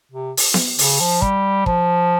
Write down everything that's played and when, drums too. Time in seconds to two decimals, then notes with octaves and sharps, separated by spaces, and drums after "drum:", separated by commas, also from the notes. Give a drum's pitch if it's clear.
0.12 C3
0.37 drum: open hi-hat
0.54 drum: snare B3
0.78 C#3, drum: open hi-hat
1.00 F3
1.22 G3, drum: kick
1.66 F3, drum: kick